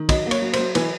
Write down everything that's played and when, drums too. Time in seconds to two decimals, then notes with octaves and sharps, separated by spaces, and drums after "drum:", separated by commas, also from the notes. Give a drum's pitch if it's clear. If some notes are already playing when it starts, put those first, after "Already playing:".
Already playing: D#3
0.09 F#3 D#5, drum: kick, cymbal
0.26 A#3
0.31 C#5, drum: cymbal
0.42 F#3
0.53 C5, drum: cymbal
0.59 F#3
0.75 E3 B4, drum: cymbal